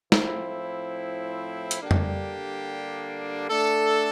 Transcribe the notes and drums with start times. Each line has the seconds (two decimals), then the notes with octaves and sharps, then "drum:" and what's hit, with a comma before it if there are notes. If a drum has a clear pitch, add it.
0.12 A2 F3 C4 E4, drum: snare
1.71 drum: hi-hat
1.80 D3 G3 A#3 D4 G4
1.91 drum: tom F2
3.49 A3 D4 A4